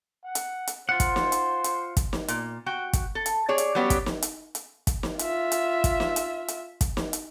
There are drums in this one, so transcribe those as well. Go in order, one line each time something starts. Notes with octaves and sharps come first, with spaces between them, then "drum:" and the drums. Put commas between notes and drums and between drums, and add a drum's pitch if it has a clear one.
F#5
drum: hi-hat
drum: hi-hat
F4 C5 F#5
drum: kick, hi-hat
drum: snare
drum: hi-hat
drum: hi-hat
drum: kick, hi-hat
drum: snare
A#2, drum: hi-hat
F#4 G5
drum: kick, hi-hat
A4
drum: hi-hat
G#4 C#5 D5
drum: hi-hat
F#3 G3 B3 C#4 G4
drum: kick, hi-hat
drum: snare
drum: hi-hat
drum: hi-hat
drum: kick, hi-hat
drum: snare
F4 E5, drum: hi-hat
drum: hi-hat
drum: kick, hi-hat
drum: snare
drum: hi-hat
drum: hi-hat
drum: kick, hi-hat
drum: snare
drum: hi-hat